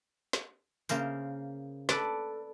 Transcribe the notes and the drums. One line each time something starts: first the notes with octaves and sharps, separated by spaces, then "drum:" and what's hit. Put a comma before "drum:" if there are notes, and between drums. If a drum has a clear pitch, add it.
drum: snare
C#3 A#3 A#4 C5, drum: tambourine
A4 B4 D5, drum: snare